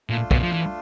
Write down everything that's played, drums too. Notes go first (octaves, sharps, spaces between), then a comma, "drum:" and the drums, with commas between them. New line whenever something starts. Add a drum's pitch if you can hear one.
A#2 A3 D4 F4
B2, drum: kick
F3
E3